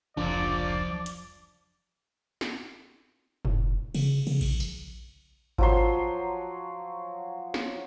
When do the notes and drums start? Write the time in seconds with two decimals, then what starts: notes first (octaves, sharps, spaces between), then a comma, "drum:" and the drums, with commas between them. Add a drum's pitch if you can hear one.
0.17 F1 C#2 F3 D4 D5 A#5 D6
1.06 drum: hi-hat
2.41 drum: snare
3.45 F1, drum: tom G2
3.95 C#3, drum: cymbal
4.27 C#3, drum: cymbal
4.41 A#1, drum: cymbal
4.60 drum: tambourine
5.58 F3 F#3 C6, drum: kick G#1
7.54 drum: snare